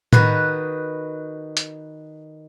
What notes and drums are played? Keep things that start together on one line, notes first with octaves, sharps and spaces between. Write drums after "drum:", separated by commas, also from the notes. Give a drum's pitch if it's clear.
D#3 F#4 B4, drum: tom A2
drum: hi-hat